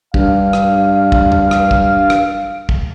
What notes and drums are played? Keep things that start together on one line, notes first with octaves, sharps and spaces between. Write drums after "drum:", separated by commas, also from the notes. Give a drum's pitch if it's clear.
G2 F5, drum: kick
drum: rim click
drum: kick
drum: tom E2
drum: rim click
drum: kick
drum: rim click
drum: kick